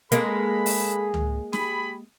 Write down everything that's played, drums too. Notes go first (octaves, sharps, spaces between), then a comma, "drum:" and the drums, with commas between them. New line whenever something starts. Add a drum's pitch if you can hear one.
G#3 A#3 G#4 A4 B4 B5, drum: hi-hat
drum: open hi-hat
drum: tom C#2
G4 G#4 B5, drum: snare